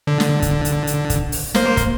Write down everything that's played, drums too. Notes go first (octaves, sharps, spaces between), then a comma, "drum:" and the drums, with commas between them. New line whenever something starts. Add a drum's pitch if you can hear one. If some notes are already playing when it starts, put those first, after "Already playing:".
D3
drum: snare
drum: kick, hi-hat
drum: hi-hat
drum: hi-hat
drum: kick, hi-hat
drum: open hi-hat
A#3 C5, drum: snare
drum: kick, hi-hat